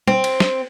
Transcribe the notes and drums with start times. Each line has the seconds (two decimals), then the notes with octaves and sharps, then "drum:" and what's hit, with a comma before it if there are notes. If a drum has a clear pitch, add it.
0.08 C4, drum: tom
0.24 drum: cymbal
0.40 drum: snare